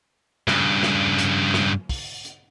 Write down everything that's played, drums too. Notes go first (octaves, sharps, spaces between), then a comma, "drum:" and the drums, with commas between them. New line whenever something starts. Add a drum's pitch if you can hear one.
G2 C#3, drum: snare
drum: snare
drum: hi-hat
drum: snare
drum: kick, open hi-hat
drum: hi-hat